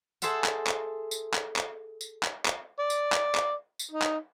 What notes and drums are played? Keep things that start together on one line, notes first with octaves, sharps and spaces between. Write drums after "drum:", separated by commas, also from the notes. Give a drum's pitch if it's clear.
G#4 A4 C5 E5 F#5, drum: tambourine
drum: clap
drum: clap
drum: tambourine
drum: clap
drum: clap
drum: tambourine
drum: clap
drum: clap
D5
drum: tambourine
drum: clap
drum: clap
drum: tambourine
D#4
drum: clap